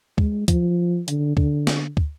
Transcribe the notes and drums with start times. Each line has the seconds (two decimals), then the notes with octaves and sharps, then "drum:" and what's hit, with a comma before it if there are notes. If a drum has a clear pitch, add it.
0.18 G#3, drum: kick
0.48 F3, drum: kick, hi-hat
1.08 D3, drum: hi-hat
1.37 D3, drum: kick
1.67 drum: snare
1.97 drum: kick